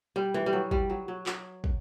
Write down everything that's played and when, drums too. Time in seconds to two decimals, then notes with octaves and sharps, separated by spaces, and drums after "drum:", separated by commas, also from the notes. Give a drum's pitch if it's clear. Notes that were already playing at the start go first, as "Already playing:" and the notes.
0.16 G3
0.34 E3
0.46 G3
0.53 F#3
0.71 G3, drum: kick
0.90 F#3
1.08 F#3
1.26 F#3, drum: clap
1.64 drum: kick